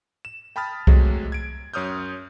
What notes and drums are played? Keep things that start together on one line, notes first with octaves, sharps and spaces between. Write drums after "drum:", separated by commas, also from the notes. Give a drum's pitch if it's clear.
E7
G5 A5 B5 D#6 F6 A6
C3 F#3 G#3 A3, drum: kick C2
G#6 D7
F#2 C#5 D#6 F6 G6